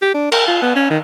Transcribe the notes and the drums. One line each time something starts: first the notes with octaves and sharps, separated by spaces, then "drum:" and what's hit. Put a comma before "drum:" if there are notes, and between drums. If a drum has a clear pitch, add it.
G4
D4
A#4, drum: cymbal
F4
B3
C#4
D#3